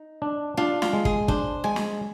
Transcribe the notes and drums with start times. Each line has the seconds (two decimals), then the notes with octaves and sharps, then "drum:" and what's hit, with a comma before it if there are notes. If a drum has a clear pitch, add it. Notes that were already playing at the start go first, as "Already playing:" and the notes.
Already playing: D#4
0.22 D4
0.57 D4 F4
0.82 F4, drum: snare
0.93 G#3
1.05 G#4, drum: kick
1.28 D4 C5, drum: kick
1.64 G#3 G#5
1.76 drum: snare